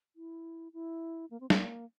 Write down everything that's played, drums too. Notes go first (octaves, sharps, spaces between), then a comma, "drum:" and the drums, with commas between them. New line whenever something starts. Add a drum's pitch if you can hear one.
E4
E4
A#3
C4
A#3, drum: snare